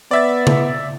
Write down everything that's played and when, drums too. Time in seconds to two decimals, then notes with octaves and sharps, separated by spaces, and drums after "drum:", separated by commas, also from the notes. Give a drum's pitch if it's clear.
0.11 B3 D5 E5 A6
0.47 drum: tom C#3